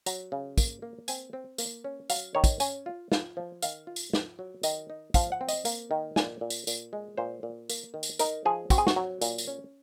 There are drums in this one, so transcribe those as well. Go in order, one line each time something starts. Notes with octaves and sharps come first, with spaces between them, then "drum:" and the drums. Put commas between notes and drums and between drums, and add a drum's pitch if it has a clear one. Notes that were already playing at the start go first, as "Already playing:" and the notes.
F#3 A#5, drum: tambourine
C#3
A#3, drum: kick, tambourine
A#3
C4 G#5, drum: tambourine
C4
A#3, drum: tambourine
C#4
F#3 F5, drum: tambourine
D#3 C#5
drum: kick, tambourine
C#4 G#5, drum: tambourine
F4
F4, drum: snare
F3
D#3 F5, drum: tambourine
F4
drum: tambourine
F4, drum: snare
F#3
D#3 D#5, drum: tambourine
D#4
F3 F5, drum: kick, tambourine
F#5
C4
D#5, drum: tambourine
A#3, drum: tambourine
D#3
A#2 G#5, drum: snare
A#2
drum: tambourine
A#2, drum: tambourine
G#3
A#2 C5
A#2
A#3, drum: tambourine
D#3
drum: tambourine
D#4 A#4, drum: tambourine
F3 G#4
C4 F#4, drum: kick, tambourine
G#4
F#4, drum: snare
F#3
A#2, drum: tambourine
drum: tambourine
C#4